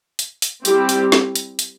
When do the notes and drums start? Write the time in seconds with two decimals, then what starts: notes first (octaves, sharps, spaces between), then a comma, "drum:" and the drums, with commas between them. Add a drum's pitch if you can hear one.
0.19 drum: hi-hat
0.42 drum: hi-hat
0.65 G3 C4 E4 G4, drum: hi-hat
0.89 drum: hi-hat
1.12 drum: snare
1.35 drum: hi-hat
1.59 drum: hi-hat